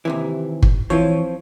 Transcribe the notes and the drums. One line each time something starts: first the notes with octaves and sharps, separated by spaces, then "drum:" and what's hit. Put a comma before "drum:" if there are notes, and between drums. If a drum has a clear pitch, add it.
D#2 C3 E3
drum: kick G1
E3 F3 C4 F4 C#5